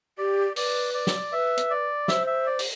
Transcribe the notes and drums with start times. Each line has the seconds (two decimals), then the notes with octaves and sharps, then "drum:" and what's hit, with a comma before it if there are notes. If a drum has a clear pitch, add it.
0.18 G4 D5
0.56 B4 D5, drum: open hi-hat
0.94 D5
1.07 drum: snare
1.32 B4 E5
1.58 drum: hi-hat
1.70 D5
2.08 C5 E5, drum: snare
2.27 E5
2.47 D5
2.59 drum: open hi-hat